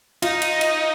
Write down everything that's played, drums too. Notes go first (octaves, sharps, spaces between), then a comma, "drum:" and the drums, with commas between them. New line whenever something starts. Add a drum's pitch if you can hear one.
D#4 F4, drum: cymbal
drum: cymbal
drum: cymbal